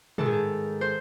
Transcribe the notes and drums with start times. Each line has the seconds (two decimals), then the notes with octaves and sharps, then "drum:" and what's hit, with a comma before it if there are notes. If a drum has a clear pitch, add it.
0.18 G#2 D#3 A4, drum: tom
0.26 G#4
0.33 A4
0.81 C5